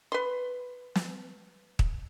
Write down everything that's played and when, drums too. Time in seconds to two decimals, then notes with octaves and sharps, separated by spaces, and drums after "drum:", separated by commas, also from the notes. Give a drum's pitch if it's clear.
0.12 B4 C6
0.95 drum: snare
1.79 drum: kick